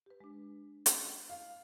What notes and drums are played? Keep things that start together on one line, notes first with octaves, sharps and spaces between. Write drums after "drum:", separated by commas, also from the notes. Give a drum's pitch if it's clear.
G4 B4
G#3 D4
drum: hi-hat
F5